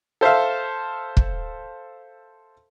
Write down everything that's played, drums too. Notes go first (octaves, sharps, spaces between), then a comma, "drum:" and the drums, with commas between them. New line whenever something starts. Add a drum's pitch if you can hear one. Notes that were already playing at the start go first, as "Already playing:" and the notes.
A4 C5 E5 F5
drum: kick